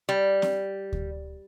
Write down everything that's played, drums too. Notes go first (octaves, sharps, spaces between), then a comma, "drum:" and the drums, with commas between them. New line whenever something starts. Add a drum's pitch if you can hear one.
G3
drum: snare C4
drum: kick D2